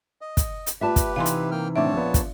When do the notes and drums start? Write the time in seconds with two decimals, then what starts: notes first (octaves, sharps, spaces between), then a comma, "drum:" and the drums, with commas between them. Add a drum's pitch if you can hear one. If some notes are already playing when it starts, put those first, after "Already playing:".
0.21 D#5
0.37 drum: kick, hi-hat
0.67 drum: hi-hat
0.81 A3 F4 G4 B4 D5 E5 A5
0.96 drum: kick, hi-hat
1.16 C3 E3 D#4 F5 G#5 C6
1.26 drum: hi-hat
1.51 A#3 G5 F6
1.76 A2 D3 C4 C#5 E5 A5 D6
1.94 A#1 A#2 B3
2.14 drum: kick, hi-hat